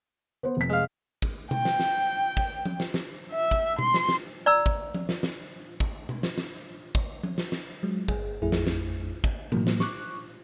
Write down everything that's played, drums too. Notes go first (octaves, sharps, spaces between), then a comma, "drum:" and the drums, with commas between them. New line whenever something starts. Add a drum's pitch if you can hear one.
B3 C5
F1 B6
G#3 F5
drum: kick
G5, drum: tom B2
drum: snare
drum: snare
drum: kick
drum: tom F3
drum: snare
drum: snare
E5
drum: kick
C6, drum: tom B2
drum: snare
drum: snare
D5 A#5 E6
drum: kick
drum: tom F3
drum: snare
drum: snare
drum: kick
drum: tom B2
drum: snare
drum: snare
drum: kick
drum: tom F3
drum: snare
drum: snare
F#3 G#3
G1 G#4, drum: kick
A1 F2 A3 E4 G#4
drum: snare
drum: snare
drum: kick
A2 E3 F#3 A#3, drum: tom B2
drum: snare
C#6 D6 F#6, drum: snare